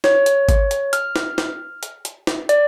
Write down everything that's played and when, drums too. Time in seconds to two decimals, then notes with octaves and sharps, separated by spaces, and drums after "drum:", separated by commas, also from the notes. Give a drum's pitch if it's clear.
0.04 C#5, drum: snare
0.26 drum: hi-hat
0.49 drum: kick G#1, hi-hat
0.71 drum: hi-hat
0.93 F6, drum: hi-hat
1.16 drum: snare
1.38 drum: snare
1.83 drum: hi-hat
2.05 drum: hi-hat
2.27 drum: snare
2.49 D5, drum: hi-hat